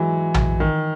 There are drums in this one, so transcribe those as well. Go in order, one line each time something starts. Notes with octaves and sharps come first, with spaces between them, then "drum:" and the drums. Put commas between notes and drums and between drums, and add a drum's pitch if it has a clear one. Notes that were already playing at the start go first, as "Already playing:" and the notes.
Already playing: E3 F#3 G#3
drum: tom A#1
D#3